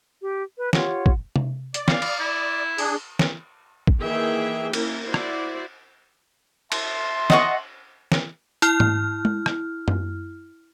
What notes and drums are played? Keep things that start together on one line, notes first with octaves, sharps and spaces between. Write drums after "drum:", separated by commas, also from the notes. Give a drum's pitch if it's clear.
G4
B4
F4 G4 C#5 F#5, drum: snare
drum: kick
drum: tom C3
D5, drum: hi-hat
F5, drum: snare
drum: cymbal
E4
D4 G#4, drum: open hi-hat
drum: snare
drum: kick
D#3 E3 A#3 G#4 E5 G5
A#3 C#4 E4 A#4, drum: cymbal
E4 F#4 C5 D5
drum: rim click
E5 A5 C6, drum: cymbal
D#5 F#5 C#6, drum: snare
drum: snare
E4 F6, drum: hi-hat
drum: tom G#2
drum: tom G#3
drum: rim click
drum: tom F#2